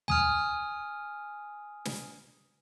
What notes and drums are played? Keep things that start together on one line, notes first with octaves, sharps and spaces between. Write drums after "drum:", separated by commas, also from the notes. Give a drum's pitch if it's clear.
G#5 D#6 F6, drum: tom
drum: snare